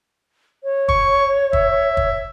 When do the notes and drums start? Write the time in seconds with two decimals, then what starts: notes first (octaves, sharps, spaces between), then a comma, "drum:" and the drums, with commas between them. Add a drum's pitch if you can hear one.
0.64 C#5
0.89 C#6, drum: kick
1.53 E5, drum: kick
1.97 drum: kick